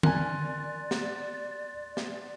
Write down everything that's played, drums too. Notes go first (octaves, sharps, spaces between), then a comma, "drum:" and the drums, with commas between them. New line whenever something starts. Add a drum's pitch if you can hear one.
A#4 D5 G#5 C6 F#6, drum: tom D3
drum: snare
drum: snare